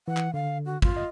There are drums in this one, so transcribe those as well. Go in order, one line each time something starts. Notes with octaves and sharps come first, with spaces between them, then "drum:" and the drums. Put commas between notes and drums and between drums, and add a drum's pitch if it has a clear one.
E3 F#5
drum: clap
D3 F5
F#4
F4, drum: kick
D#5